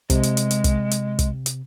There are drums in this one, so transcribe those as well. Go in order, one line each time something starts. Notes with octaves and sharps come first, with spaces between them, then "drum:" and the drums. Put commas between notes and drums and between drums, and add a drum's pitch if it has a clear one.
C3 G#3, drum: kick, hi-hat
drum: hi-hat
drum: hi-hat
drum: hi-hat
drum: kick, hi-hat
drum: hi-hat
drum: kick, hi-hat
drum: hi-hat